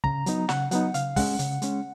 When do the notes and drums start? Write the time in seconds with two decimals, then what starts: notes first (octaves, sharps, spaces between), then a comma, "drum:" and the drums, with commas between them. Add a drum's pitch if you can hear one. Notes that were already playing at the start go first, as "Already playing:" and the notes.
0.04 C#3 A#5, drum: kick
0.26 F#3 B3 D#4, drum: hi-hat
0.49 C#3 F#5, drum: snare
0.71 F#3 B3 D#4 F#5, drum: hi-hat
0.94 C#3 F5, drum: hi-hat
1.16 G#3 C#4 F#5, drum: kick, open hi-hat
1.39 C#3, drum: hi-hat
1.62 G#3 C#4, drum: hi-hat